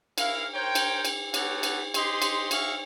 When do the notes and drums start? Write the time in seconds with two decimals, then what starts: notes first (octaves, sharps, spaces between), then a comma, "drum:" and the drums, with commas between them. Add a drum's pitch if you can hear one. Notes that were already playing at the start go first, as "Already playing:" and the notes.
0.18 E4 A#4 F5, drum: cymbal
0.53 A#4 C5 C#5 G5
0.75 drum: cymbal
1.05 drum: cymbal
1.34 B3 F#4 G4 A4 C#5, drum: cymbal
1.63 drum: cymbal
1.94 G4 D#5 C6, drum: cymbal
2.22 drum: cymbal
2.51 F#4 G#4 E5 F5 C#6, drum: cymbal